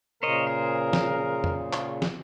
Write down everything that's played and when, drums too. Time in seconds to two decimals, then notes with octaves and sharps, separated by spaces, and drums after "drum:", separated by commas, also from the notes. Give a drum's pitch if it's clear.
0.23 A#2 C#3 A#4 C5 C#5 D#5
0.47 G#4 C5
0.93 drum: snare
1.44 drum: tom F2
1.73 drum: clap
2.02 drum: snare